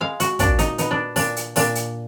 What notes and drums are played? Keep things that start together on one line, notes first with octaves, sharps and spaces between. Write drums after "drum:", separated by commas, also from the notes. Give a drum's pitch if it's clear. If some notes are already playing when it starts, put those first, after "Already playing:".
G#3 F5
F#4, drum: hi-hat
A#2 D4, drum: kick, hi-hat
D#4, drum: hi-hat
B3 D#4, drum: hi-hat
D4
A#2 D4, drum: open hi-hat
drum: hi-hat
A#2 D4, drum: open hi-hat
drum: hi-hat